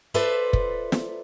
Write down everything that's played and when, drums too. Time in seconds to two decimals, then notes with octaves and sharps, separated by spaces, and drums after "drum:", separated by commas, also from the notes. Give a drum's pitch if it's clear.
0.14 F4 A4 B4 C5 D5 E5
0.53 drum: kick
0.92 drum: snare